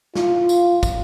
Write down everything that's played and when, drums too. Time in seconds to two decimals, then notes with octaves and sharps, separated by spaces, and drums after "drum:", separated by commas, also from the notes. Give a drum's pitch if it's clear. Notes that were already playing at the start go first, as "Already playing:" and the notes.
0.16 F4, drum: snare
0.49 drum: tambourine
0.83 drum: kick, tambourine